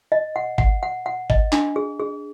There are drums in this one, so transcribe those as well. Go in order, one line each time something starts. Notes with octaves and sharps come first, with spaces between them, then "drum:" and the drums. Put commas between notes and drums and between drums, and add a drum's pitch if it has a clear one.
D#5
F#5
F#5, drum: kick
F#5
F#5
D#5, drum: kick
D4, drum: clap
G#4
G#4